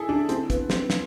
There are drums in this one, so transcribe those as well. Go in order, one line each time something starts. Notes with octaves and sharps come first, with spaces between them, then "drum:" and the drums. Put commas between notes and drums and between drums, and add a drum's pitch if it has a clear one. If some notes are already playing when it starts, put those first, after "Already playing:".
Already playing: E4 G#4 A4
D4
C4, drum: hi-hat
B3, drum: kick, hi-hat
C4, drum: snare
drum: snare